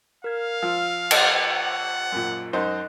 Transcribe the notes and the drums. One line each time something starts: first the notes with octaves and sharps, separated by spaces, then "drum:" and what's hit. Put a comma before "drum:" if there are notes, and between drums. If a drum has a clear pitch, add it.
A#4 F5 G#6
F3 F4 E6 F6
drum: cymbal
F#5 G5
F#2 A#2
F#2 D#4 C5 D#5 F#6